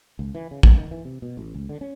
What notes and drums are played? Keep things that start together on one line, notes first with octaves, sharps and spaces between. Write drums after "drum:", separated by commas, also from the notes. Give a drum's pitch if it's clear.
C#2
E3
C#3
C#2, drum: kick
D#3
E3
C3
B2
A1
C#2
D3
C#4